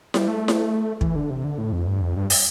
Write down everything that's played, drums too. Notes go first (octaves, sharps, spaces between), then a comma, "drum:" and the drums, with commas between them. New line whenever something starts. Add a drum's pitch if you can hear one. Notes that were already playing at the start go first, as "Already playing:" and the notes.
G3, drum: snare E4
A3
drum: snare E4
E3, drum: kick
D3
C3
D3
A2
F2
G2
F2
G2
drum: open hi-hat